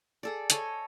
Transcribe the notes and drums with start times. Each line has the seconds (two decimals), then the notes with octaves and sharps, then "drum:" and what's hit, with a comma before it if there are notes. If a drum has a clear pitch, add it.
0.23 G#4 A4 D5
0.50 A4 C#5 D#5 G#5, drum: hi-hat